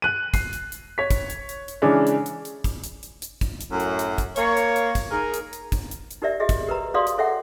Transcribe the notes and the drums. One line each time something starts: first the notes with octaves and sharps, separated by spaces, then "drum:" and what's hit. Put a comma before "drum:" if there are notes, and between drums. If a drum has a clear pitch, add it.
F#6 D#7
C7, drum: kick, hi-hat
drum: hi-hat
drum: hi-hat
C#5 B6
drum: kick, hi-hat
drum: hi-hat
drum: hi-hat
drum: hi-hat
C#3 E3 G#3 C#4 D4
drum: hi-hat
drum: hi-hat
drum: hi-hat
drum: kick, hi-hat
drum: hi-hat
drum: hi-hat
drum: hi-hat
drum: kick, hi-hat
drum: hi-hat
F#2 A2
drum: hi-hat
drum: hi-hat
drum: kick, hi-hat
A#3 C#5, drum: hi-hat
drum: hi-hat
drum: hi-hat
drum: kick, hi-hat
D#4 G#4 A#4
drum: hi-hat
drum: hi-hat
drum: kick, hi-hat
drum: hi-hat
drum: hi-hat
D#4 G4 A#4 D5 E5
F#4 G#4 D#5 E5
drum: kick, hi-hat
G4 A#4 B4 A#5
F#4 G#4 D5 F5 C6 D#6
drum: hi-hat
A4 C#5 E5 F#5 G5